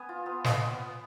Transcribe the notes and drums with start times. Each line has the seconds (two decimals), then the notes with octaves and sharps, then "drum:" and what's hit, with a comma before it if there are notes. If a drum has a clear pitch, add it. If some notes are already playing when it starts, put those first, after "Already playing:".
Already playing: B3 G#5
0.09 F4
0.26 B3
0.44 B3, drum: snare